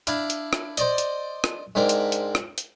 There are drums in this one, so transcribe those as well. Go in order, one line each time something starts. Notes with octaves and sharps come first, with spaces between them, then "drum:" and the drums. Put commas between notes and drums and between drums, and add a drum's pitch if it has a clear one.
D4 E4 F5, drum: hi-hat
drum: hi-hat
drum: rim click
C5 D5 D#5, drum: hi-hat
drum: hi-hat
drum: rim click
G#2 C4 D4 A#4
drum: hi-hat
drum: hi-hat
drum: rim click
drum: hi-hat